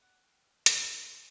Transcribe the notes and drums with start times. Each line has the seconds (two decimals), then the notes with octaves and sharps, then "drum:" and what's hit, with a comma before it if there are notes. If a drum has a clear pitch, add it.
0.02 C#5 D5 F#5
0.23 G5 F6
0.44 F6
0.66 F#4 A#4 F5, drum: hi-hat
0.87 G6
1.07 G#5 C6